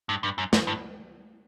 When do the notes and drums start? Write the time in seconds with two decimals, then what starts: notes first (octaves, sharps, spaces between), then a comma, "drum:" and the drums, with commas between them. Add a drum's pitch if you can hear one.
0.09 G2
0.23 G2
0.38 F#2
0.53 F#2, drum: snare
0.67 G2